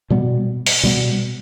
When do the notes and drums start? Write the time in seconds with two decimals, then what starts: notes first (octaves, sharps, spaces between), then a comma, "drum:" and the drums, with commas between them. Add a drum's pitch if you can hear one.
0.10 B2 G3 B3
0.66 drum: open hi-hat
0.83 B2 G3 B3